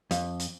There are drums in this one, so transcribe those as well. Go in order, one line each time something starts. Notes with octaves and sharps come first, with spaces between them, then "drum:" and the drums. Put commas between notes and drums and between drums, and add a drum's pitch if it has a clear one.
F2, drum: hi-hat
drum: hi-hat